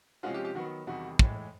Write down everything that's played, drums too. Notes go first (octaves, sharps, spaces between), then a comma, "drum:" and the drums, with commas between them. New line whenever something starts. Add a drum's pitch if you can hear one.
C3 F3 G#3 C#4 F4 F#4
G4
G4
D#3 F#3 B3 F#4
E2 C3 D#3 G3 F#4
A2 E3 G#3, drum: kick